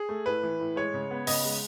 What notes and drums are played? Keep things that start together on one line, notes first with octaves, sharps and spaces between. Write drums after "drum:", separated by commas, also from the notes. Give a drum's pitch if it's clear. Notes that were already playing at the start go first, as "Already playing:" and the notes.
Already playing: G#4
A3
A2 B4
E3
A2
G#3 C#5
C#3
B3
C#3 D#5, drum: open hi-hat
G#3